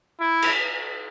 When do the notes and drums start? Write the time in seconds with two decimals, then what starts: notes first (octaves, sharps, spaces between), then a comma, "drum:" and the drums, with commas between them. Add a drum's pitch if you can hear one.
0.20 E4
0.42 drum: cymbal